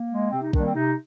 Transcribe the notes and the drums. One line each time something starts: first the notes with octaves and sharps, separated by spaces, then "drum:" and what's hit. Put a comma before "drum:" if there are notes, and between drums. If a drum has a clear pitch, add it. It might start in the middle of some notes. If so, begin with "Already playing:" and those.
Already playing: A#3
G#3
C3 C4
D#4
D#3 G3 A#3 D4, drum: kick
C4
C3 D#4